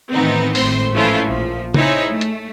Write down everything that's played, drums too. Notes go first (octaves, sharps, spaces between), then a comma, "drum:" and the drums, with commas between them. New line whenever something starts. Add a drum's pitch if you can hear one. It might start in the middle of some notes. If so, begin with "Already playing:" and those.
A2 D#3 E3 B3 C4 D#4
G#1 A2 A3 C4 C5 C6, drum: open hi-hat
E3 F3 A3 C#4 E4 F4
A#1 F3
C4 D#4 E4 G#4 C#5, drum: tom C#3
A3
drum: hi-hat